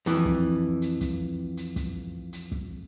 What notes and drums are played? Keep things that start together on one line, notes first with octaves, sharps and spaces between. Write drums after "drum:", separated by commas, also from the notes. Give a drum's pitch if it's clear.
F2 E3, drum: hi-hat
drum: kick
drum: hi-hat
drum: kick, hi-hat
drum: hi-hat
drum: kick, hi-hat
drum: hi-hat
drum: kick